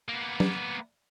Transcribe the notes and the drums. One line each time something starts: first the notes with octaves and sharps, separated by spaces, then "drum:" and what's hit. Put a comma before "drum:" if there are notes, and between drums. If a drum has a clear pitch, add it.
A#3 B3
drum: tom F#3